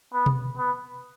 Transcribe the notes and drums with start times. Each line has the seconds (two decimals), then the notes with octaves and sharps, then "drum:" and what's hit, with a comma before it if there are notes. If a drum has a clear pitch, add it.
0.14 B3
0.26 drum: tom B2
0.58 B3